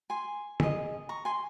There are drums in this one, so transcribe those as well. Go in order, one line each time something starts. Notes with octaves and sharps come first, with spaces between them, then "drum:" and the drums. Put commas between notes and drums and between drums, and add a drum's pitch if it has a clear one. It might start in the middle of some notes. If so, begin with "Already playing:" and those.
G#5 C6
G#4 D#5, drum: tom D3
A#5 C#6
G#5 C6